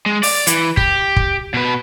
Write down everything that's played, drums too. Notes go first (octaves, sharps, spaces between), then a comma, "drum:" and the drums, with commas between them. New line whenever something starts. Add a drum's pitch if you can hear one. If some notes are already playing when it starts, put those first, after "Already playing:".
G#3
D5, drum: open hi-hat
E3, drum: hi-hat
G4, drum: kick
drum: kick
B2 B4